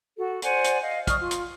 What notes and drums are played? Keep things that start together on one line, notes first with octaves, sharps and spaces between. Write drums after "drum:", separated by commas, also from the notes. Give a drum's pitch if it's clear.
F#4 A4
C5 D5 F#5 G#5, drum: hi-hat
drum: hi-hat
D#5 F5
D5 C#6 D#6 F6, drum: kick, hi-hat
F4
drum: hi-hat